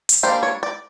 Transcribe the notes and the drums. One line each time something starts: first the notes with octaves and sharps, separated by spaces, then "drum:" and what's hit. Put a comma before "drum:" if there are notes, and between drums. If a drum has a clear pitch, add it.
drum: hi-hat
G3 A#3 D4 C5
C#5
D5